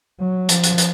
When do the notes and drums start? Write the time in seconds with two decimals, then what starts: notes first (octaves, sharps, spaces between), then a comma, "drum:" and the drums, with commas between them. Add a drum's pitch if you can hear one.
0.20 F#3
0.49 F3, drum: hi-hat
0.63 drum: hi-hat
0.78 drum: hi-hat